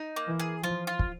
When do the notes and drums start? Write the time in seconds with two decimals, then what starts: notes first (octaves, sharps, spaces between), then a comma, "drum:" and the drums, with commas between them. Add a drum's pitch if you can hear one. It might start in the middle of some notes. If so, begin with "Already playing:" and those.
Already playing: D#4
0.16 A#3
0.27 E3
0.40 G#4
0.63 F3 F4
0.87 F4
0.99 drum: kick